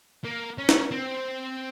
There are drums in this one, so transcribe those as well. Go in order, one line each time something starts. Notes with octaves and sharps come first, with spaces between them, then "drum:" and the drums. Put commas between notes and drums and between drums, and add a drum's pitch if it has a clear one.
A#3
C#4
drum: snare
C4